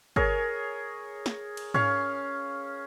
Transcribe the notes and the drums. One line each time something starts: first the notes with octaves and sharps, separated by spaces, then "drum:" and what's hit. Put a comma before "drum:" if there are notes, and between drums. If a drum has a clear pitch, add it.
G#4 A#4 C#5, drum: kick
drum: snare
drum: cymbal
C#4 F5, drum: tom G#2